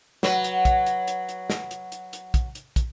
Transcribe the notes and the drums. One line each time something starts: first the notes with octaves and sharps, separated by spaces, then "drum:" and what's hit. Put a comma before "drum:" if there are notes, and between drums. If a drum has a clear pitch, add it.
F#3 B4, drum: snare
drum: hi-hat
drum: kick, hi-hat
drum: hi-hat
drum: hi-hat
drum: hi-hat
drum: snare
drum: hi-hat
drum: hi-hat
drum: hi-hat
drum: kick, hi-hat
drum: hi-hat
drum: kick, hi-hat